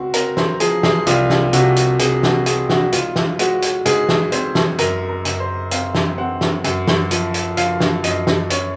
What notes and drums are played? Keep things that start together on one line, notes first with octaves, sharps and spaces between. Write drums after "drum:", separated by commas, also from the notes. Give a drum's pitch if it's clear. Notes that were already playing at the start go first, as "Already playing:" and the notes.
Already playing: C#2 C4 F#4
C4 A#4, drum: hi-hat
C5, drum: snare
F3 G#4, drum: hi-hat
G#4, drum: snare
C2 F4, drum: hi-hat
drum: snare
C3 F#4, drum: hi-hat
drum: hi-hat
C3 G#4, drum: hi-hat
F#4, drum: snare
C4 G#4, drum: hi-hat
F#4, drum: snare
G#2 F4, drum: hi-hat
drum: snare
G#3 F#4, drum: hi-hat
drum: hi-hat
G#2 G#4, drum: hi-hat
drum: snare
C4 C5, drum: hi-hat
drum: snare
F#2 A#4, drum: hi-hat
A#4
F#2, drum: hi-hat
C5
C4 F5, drum: hi-hat
drum: snare
C4 F#5
drum: snare
F#2, drum: hi-hat
drum: snare
F3, drum: hi-hat
drum: hi-hat
F3 F5, drum: hi-hat
drum: snare
F#2 D#5, drum: hi-hat
drum: snare
C#4 C#5, drum: hi-hat